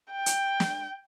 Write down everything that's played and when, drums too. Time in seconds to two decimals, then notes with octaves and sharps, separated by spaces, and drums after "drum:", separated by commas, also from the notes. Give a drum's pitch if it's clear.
0.12 G5
0.26 drum: hi-hat
0.60 drum: snare